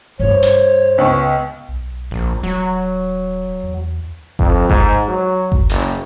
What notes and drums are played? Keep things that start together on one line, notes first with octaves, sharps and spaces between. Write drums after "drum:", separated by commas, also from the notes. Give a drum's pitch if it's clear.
G2 D4 C5 C#5
drum: hi-hat
C#2 B3 C#6
B1
A#1
D#1 F#3
E2
F2, drum: kick G1
G#2, drum: kick G1
F#3
drum: kick G1
F#1, drum: open hi-hat